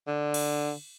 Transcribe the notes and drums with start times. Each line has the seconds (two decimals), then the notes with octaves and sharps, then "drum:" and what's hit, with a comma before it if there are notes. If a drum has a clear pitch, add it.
0.07 D3
0.34 drum: cymbal